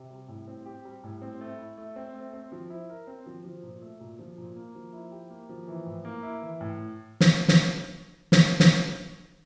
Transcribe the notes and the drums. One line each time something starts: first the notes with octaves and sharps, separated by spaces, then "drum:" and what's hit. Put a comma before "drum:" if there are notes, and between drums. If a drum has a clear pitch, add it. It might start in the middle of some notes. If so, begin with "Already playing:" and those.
Already playing: C3
G3
A2
C4
G4
G3
A2
C4
A3
E4
A3
C4
A3
C4
F3
E4
A#4
C4
F3
F3
A#2
A3
A#2
F3
A#2
A#3
F3
E4
G4
A#3
F3
E3
A2
A#3
E4
E3
A2
drum: snare
drum: snare
drum: snare
drum: snare